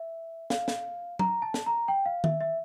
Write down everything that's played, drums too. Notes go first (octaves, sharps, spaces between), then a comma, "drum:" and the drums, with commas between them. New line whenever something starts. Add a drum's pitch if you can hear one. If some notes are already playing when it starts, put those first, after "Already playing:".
Already playing: E5
F5, drum: snare
drum: snare
A#5, drum: tom
A5
drum: snare
A#5
G5
F5
E5, drum: tom D#3
E5